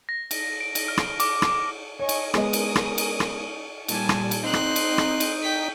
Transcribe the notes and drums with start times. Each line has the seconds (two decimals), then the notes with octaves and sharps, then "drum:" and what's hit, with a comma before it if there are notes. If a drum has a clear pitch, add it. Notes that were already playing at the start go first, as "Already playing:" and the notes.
0.09 A#6
0.31 drum: cymbal
0.60 D7
0.75 drum: cymbal
0.88 F6
0.97 drum: rim click
1.20 D6, drum: cymbal
1.42 drum: rim click
1.99 C#5 D#5 G#5 C#6
2.09 drum: cymbal
2.34 G#3 B3 C#4 A#4 D#5 D#6, drum: rim click
2.53 drum: cymbal
2.76 drum: rim click
2.98 drum: cymbal
3.20 drum: rim click
3.88 A#2 G3 G#5 A5, drum: cymbal
4.09 drum: rim click
4.31 drum: cymbal
4.43 C4 D#4 C6 F#6
4.54 drum: rim click
4.76 drum: cymbal
4.98 drum: rim click
5.20 drum: cymbal
5.43 G5 B6